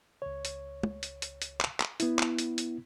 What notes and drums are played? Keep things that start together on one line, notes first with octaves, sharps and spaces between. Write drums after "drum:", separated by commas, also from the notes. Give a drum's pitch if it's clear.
C#2 C#5
drum: hi-hat
drum: tom
drum: hi-hat
drum: hi-hat
drum: hi-hat
drum: clap
drum: clap
B3 E4, drum: hi-hat
drum: clap
drum: hi-hat
drum: hi-hat